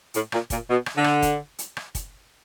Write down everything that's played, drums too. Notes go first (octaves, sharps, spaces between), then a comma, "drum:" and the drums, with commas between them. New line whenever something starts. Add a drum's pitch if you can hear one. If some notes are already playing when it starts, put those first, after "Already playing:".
A2, drum: hi-hat
A#2, drum: rim click
A#2, drum: kick, hi-hat
B2
drum: rim click
D3
drum: rim click
drum: kick, hi-hat
drum: hi-hat
drum: rim click
drum: kick, hi-hat